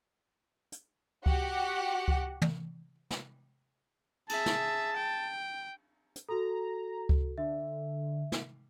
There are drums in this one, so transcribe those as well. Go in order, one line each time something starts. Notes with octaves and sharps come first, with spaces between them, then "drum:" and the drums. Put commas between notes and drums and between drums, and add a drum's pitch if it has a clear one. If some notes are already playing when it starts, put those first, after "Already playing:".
drum: hi-hat
F#4 G4 F#5, drum: kick C#2
drum: kick C#2
drum: tom
drum: snare
G#4 E5 A5, drum: cymbal
drum: snare
G5
drum: hi-hat
F#4 A4 A#5
drum: kick C#2
D3 E5
drum: snare